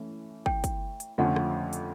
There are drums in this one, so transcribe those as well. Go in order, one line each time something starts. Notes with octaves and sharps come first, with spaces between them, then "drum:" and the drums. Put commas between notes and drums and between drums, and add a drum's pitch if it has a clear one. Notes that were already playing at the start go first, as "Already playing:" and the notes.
Already playing: E3 A3 C#4 E4
G5, drum: kick
drum: kick, hi-hat
drum: hi-hat
F2 D3 F3 A3 C#4 F#5
drum: rim click
drum: hi-hat